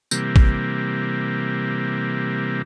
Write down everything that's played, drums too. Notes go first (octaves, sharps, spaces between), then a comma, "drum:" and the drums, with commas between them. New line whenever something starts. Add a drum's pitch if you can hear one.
C3 E3 G3 A#3, drum: tambourine
drum: kick A1